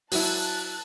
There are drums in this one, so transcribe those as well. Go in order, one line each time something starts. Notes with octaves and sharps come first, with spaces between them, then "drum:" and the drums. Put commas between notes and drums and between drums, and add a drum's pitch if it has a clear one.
F#3 E4 A5 F#6, drum: open hi-hat